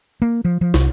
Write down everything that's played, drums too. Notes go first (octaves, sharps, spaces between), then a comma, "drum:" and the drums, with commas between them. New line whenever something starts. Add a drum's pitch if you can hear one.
A#3
F3
F3
C2, drum: snare